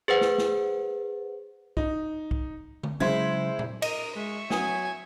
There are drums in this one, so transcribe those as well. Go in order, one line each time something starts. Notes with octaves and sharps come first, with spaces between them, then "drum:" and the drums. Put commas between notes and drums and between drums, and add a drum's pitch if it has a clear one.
G#4 B4 C5 F#5
drum: snare
drum: snare
D#4, drum: kick C2
drum: kick C2
drum: tom D3
C#3 F#3 G#3 C#4 E4 C5 G#6
drum: tom
A#4 D#5 D#6 D#7, drum: cymbal
G#3 E5 C#6
F#3 B3 C#4 G#5 D#6, drum: snare